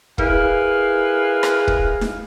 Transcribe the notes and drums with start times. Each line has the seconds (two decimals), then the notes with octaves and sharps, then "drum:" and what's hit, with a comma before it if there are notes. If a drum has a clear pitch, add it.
0.18 E4 G#4 A#4 B4 F5, drum: kick
1.43 drum: rim click
1.67 drum: kick
2.01 drum: snare D#4